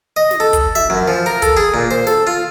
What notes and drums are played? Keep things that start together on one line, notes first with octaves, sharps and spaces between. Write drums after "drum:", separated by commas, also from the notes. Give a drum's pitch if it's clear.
D#5
drum: snare
A4
drum: kick, hi-hat
E5, drum: snare
F#2
F3
A#4
A4, drum: kick, hi-hat
G#4
A#2
C5
A4, drum: snare
F4